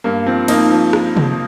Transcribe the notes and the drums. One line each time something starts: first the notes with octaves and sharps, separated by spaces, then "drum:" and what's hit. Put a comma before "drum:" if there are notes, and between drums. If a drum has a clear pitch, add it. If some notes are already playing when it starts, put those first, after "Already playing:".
G2 A#3
F3 C4
F3 A#3 D#4, drum: cymbal
F3
drum: rim click
drum: tom C3